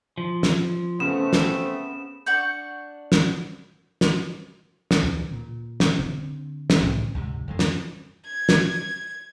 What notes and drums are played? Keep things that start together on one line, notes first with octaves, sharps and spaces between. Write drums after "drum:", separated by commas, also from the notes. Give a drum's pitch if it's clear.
F3
drum: snare
C#3 A3 B3 C4 C5 E7
drum: snare
D4 F#5 C#6 G6
drum: snare
drum: snare
drum: snare
D2 C#3 E3
A#2
drum: snare
D3 C4
drum: snare
C2 A2 D3
D2 G#2 C3
F2 D3 G#3
drum: snare
G#6
drum: snare